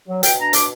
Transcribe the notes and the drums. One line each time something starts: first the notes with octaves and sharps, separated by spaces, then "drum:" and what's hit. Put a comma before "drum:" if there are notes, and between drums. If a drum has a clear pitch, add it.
F#3
B2 G5, drum: hi-hat
D4 A#5
B2 D6, drum: hi-hat